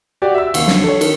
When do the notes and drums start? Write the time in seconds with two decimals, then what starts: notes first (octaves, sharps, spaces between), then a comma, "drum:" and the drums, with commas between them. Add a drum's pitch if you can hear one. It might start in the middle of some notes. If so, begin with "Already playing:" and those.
0.22 F#4 G4 D5
0.34 E5 E6
0.54 D#2, drum: cymbal
0.68 D3, drum: snare
0.84 A4 C#5
1.01 D#3, drum: cymbal